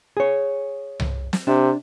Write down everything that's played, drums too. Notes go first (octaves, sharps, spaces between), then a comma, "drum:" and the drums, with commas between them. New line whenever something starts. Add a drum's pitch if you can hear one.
G#4 C#5
drum: tom C2
drum: snare
C3 D4